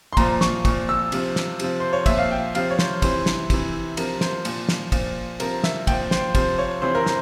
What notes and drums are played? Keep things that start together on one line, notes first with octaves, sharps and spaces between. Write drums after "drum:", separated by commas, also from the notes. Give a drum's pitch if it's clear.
C6
A#2 F3 A#5, drum: kick, cymbal
C#6, drum: snare
A#2 F3 C#6, drum: kick, cymbal
E6
C3 F3, drum: cymbal
drum: snare
C3 F3, drum: cymbal
C5
C#5
A#2 F3 E5, drum: kick, cymbal
F5
G5
C3 F3 F5, drum: cymbal
C#5
C5, drum: snare
C3 E3 C5, drum: kick, cymbal
drum: snare
C3 E3, drum: kick, cymbal
C3 F3 A#4, drum: cymbal
C5, drum: snare
A#2 F3, drum: cymbal
drum: snare
A#2 F3, drum: kick, cymbal
C3 F3 A#4, drum: cymbal
E5, drum: snare
A#2 F3 G5, drum: kick, cymbal
C5, drum: snare
C3 F3 C5, drum: kick, cymbal
C#5
C3 E3 C5
A#4
C5, drum: snare